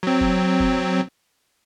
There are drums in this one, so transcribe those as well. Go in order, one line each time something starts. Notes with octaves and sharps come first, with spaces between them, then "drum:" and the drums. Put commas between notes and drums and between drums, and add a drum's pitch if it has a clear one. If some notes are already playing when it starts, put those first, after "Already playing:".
F#3 C4
drum: kick F1
drum: kick F1